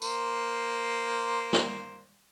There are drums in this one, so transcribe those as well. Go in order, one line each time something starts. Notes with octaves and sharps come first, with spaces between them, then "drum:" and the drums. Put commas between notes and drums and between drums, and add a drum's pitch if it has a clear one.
A#3 C5, drum: tambourine
drum: snare